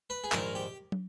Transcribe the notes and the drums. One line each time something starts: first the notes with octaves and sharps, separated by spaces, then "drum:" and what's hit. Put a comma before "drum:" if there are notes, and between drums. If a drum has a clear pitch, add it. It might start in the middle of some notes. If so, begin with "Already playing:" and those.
B4
G#4
A#1 G#2 D#3 A#4, drum: clap
G4
drum: tom